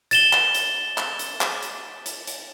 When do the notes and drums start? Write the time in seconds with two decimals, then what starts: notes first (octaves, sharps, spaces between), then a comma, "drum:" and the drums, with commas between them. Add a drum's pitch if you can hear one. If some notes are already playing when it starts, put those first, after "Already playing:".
0.11 A6 E7 G7, drum: hi-hat
0.33 drum: clap
0.54 drum: hi-hat
0.98 drum: clap
1.19 drum: hi-hat
1.41 drum: clap
1.63 drum: hi-hat
2.06 drum: hi-hat
2.27 drum: hi-hat